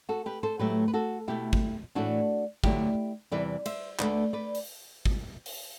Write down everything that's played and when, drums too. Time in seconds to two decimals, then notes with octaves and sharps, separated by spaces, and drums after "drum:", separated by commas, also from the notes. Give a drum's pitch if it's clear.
0.09 F#4 A4
0.26 G4 B4
0.43 A4 C5
0.59 A2 F#3 A3 G4 B4
0.88 B4
0.94 F#4 A4
1.28 B2 A3 E4 G4
1.53 drum: kick
1.95 A2 E3 A3 D4 F#4
2.64 D2 D3 F#3 A3 E4 G4, drum: kick
3.31 E2 C3 E3 G3 B4 D5
3.66 C5 E5, drum: cymbal
3.99 D2 D3 A3 B4 D5, drum: clap
4.33 B4 D5
4.55 drum: open hi-hat
5.05 drum: kick
5.46 drum: open hi-hat